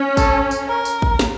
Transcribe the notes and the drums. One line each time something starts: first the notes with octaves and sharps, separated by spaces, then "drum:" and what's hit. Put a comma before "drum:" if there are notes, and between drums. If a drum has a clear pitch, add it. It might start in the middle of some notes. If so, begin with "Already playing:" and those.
Already playing: C#4
A4, drum: kick, tambourine
drum: tambourine
A#4
drum: tambourine
drum: kick
drum: snare